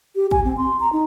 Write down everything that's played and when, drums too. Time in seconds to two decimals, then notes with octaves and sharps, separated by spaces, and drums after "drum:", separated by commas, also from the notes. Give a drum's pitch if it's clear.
0.16 G4
0.31 G#5, drum: kick
0.45 C4
0.57 C6
0.80 A#5
0.93 D#4